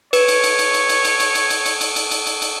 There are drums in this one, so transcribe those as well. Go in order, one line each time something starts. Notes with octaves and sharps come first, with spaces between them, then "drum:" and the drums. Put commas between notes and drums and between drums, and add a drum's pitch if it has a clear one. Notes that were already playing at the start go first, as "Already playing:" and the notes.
B4 C#5, drum: cymbal
drum: cymbal
drum: cymbal
drum: cymbal
drum: cymbal
drum: cymbal
drum: cymbal
drum: cymbal
drum: cymbal
drum: cymbal
drum: cymbal
drum: cymbal
drum: cymbal
drum: cymbal
drum: cymbal
drum: cymbal